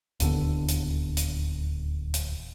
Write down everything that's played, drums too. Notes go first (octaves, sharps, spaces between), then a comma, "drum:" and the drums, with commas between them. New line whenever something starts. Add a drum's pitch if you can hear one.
D1 D#2 D3 B3, drum: hi-hat
drum: hi-hat
drum: hi-hat
drum: hi-hat